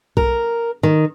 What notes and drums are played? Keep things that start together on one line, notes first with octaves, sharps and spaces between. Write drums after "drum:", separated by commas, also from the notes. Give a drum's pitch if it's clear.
A#4, drum: kick B1
D#3